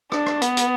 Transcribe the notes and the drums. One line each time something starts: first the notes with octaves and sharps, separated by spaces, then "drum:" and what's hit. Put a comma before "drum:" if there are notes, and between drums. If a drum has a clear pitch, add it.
D4, drum: rim click
drum: rim click
B3, drum: hi-hat
drum: hi-hat